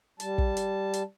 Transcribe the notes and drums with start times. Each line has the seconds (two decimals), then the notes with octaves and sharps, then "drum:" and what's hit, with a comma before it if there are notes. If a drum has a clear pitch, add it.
0.20 G3 A5, drum: hi-hat
0.38 drum: kick
0.57 drum: hi-hat
0.93 drum: hi-hat